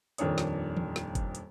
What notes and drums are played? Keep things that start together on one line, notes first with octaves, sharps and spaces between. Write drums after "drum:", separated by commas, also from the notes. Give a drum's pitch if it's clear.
D#1 F2 D#3 D4 C#5 D#6, drum: hi-hat
drum: snare
drum: tom
drum: snare
drum: kick F#1, hi-hat
drum: hi-hat